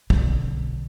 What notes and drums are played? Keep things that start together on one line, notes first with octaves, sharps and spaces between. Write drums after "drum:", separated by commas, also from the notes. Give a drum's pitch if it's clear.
B1 D3, drum: kick